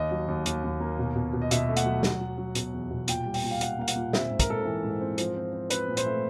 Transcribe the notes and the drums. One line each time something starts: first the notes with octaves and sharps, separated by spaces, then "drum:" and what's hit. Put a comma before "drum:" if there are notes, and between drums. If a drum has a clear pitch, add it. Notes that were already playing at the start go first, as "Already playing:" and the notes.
Already playing: D#2 D#5
F#3
D#2
D#2, drum: hi-hat
D#2
A#3
B2
B2
B2
D#5
B2 E5, drum: hi-hat
A3
F#5, drum: hi-hat
F#3
F#3, drum: snare
F#3
F#3
B2, drum: hi-hat
E2
B2
A#2 G5, drum: hi-hat
G3
G5, drum: open hi-hat
A#2
F5
A#2 F#5, drum: hi-hat
A#3 F5
F#5, drum: hi-hat
A#2
C4 E5, drum: snare
G#2
A#4, drum: kick, hi-hat
G#2 A4
E3 A#4
G#2
C4
F3, drum: hi-hat
C4
C4
C4 B4, drum: hi-hat
A#2
C5, drum: hi-hat
A3